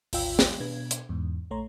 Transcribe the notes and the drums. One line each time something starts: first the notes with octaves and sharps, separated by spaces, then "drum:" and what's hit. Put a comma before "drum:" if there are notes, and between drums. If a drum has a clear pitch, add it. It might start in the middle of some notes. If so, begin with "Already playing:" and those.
G#1 D2 F4 G5 E6, drum: open hi-hat
drum: snare
B2 D4 B4 G#6
drum: hi-hat
E2 G#2
A#1 A3 C#5 A#5 C6